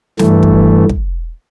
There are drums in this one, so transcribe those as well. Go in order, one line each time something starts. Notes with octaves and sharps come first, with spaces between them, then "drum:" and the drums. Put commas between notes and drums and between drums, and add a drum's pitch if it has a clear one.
G2 E3 A3, drum: snare
drum: kick
drum: kick